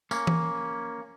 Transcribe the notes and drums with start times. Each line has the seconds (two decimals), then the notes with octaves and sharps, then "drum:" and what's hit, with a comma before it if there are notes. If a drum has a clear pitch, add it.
0.11 A#3 C#4, drum: tambourine
0.27 drum: tom E3